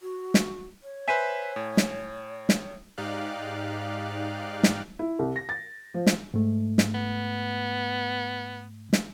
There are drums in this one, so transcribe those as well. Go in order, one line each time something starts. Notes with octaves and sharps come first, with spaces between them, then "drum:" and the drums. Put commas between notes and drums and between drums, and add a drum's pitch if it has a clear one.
F#4
drum: snare
C#5
B4 C5 E5 G#5 B6 D#7
A2
drum: snare
drum: snare
G#2 D#4 G4 D5 F5 F#6
drum: snare
E4
C2
A#6
A6
F3
drum: snare
G#2 A3
drum: snare
B3
drum: snare